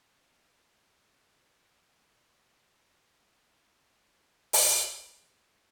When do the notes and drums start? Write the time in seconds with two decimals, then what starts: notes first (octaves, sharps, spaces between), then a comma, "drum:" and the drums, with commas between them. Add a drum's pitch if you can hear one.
0.18 E4 A#4 C5 A#5
2.47 A4
2.69 G#4
3.40 D#4 C6
4.53 drum: open hi-hat